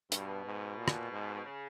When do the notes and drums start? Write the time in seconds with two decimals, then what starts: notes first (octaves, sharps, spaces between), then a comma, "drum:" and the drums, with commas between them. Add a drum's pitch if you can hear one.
0.12 G2 B2, drum: hi-hat
0.45 G#2
0.78 A#2
0.88 drum: rim click
1.11 G#2
1.35 B2
1.45 C#3